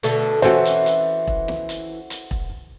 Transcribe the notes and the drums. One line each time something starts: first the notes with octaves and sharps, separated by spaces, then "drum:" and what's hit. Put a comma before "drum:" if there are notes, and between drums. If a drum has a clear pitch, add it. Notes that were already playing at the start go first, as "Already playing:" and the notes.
B2 D3 A3, drum: hi-hat
E3 C#4 F#4 A4 C5, drum: hi-hat
drum: hi-hat
drum: hi-hat
drum: kick E1
drum: snare
drum: hi-hat
drum: hi-hat
drum: kick E1